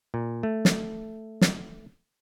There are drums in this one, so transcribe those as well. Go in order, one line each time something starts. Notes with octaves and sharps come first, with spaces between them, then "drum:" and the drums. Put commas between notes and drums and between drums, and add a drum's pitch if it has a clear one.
A#2
A3
drum: snare
drum: snare